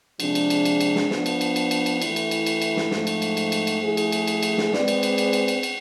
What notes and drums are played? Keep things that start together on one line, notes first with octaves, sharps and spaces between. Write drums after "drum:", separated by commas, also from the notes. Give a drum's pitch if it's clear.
C3 F3 G#3 D4 G#4, drum: cymbal
drum: cymbal
drum: cymbal
drum: cymbal
drum: cymbal
drum: snare
F3 B3 D4, drum: snare
drum: cymbal
drum: cymbal
drum: cymbal
drum: cymbal
drum: cymbal
E3 A3 E4, drum: cymbal
drum: cymbal
drum: cymbal
drum: cymbal
drum: cymbal
drum: snare
G#2 F3 A3, drum: snare
drum: cymbal
drum: cymbal
drum: cymbal
drum: cymbal
drum: cymbal
F3 A3 E4 G#4
drum: cymbal
drum: cymbal
drum: cymbal
drum: cymbal
drum: snare
G#3 C4 G#4 B4 D5, drum: snare
drum: cymbal
drum: cymbal
drum: cymbal
drum: cymbal
drum: cymbal
drum: cymbal